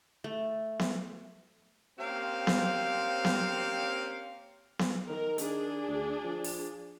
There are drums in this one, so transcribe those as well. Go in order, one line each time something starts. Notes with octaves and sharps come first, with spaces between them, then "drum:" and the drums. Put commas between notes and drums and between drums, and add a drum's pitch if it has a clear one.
A3
drum: snare B3
A#3 C4 C#4 G4 C5 F5
drum: snare B3
drum: snare B3
drum: snare B3
D#3 A#4
D4 G#4, drum: hi-hat
D2
F3
drum: open hi-hat